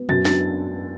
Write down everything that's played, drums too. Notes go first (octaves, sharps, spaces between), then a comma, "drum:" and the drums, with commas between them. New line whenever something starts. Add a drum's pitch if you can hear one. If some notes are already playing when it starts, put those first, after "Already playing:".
Already playing: B3
F#2 A6, drum: tom A#2
D4 A6, drum: snare